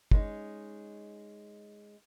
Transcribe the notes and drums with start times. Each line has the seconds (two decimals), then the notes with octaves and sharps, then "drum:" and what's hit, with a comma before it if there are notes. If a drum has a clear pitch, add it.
0.11 G#3 C#4 D#4, drum: kick